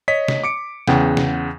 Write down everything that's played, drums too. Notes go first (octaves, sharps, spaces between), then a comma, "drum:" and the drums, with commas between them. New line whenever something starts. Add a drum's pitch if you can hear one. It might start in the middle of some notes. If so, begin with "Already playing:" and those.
C#5 D#5 B6
drum: snare
D6 C#7 D7
E2 C#3 F#5 G5, drum: snare
drum: snare